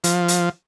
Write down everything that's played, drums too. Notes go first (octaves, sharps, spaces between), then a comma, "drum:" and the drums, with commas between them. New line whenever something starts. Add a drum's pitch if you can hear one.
F3, drum: hi-hat
drum: hi-hat